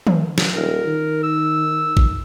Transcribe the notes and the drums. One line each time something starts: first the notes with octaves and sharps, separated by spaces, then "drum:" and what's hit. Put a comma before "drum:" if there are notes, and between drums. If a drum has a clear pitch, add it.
drum: tom
drum: snare
D#1 A#4
D#3
E6
drum: kick